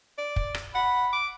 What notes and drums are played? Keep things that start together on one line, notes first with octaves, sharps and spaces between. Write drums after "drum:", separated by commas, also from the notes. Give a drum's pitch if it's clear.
D5
drum: kick
drum: rim click
F#5 B5
D6